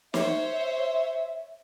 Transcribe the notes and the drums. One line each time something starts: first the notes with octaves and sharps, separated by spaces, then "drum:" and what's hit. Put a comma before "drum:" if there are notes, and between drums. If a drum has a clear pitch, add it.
C5 C#5 E5, drum: snare